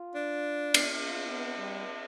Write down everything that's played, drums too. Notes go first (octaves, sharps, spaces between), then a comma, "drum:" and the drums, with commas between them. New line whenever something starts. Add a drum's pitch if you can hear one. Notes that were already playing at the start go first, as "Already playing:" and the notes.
Already playing: F4
D4
drum: cymbal
F4
B3
G3